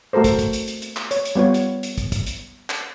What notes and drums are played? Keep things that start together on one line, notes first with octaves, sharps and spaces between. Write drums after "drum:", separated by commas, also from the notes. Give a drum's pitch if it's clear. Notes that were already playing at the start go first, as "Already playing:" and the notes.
A3 F#4 A4 A#4 C5
drum: kick, hi-hat
drum: kick, hi-hat
drum: hi-hat
drum: hi-hat
drum: hi-hat
drum: clap
C#5, drum: hi-hat
drum: hi-hat
G3 B3 F4 C#5
drum: hi-hat
drum: hi-hat
drum: kick, hi-hat
drum: kick, hi-hat
drum: hi-hat
drum: clap